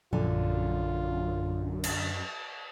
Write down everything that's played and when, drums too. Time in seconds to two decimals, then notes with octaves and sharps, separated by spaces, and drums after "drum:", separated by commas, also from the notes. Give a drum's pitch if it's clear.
0.13 A#1 F#2 D3 F4
1.84 drum: cymbal